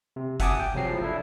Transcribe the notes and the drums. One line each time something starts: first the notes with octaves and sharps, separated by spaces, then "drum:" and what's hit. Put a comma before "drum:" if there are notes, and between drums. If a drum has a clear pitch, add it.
C3
E5 F#5 G#5 A5 D6 D#6, drum: kick F#1, hi-hat
G5
C#2 C3 F3 F#3 G#4 C7
F3 E4
D4 E4 A4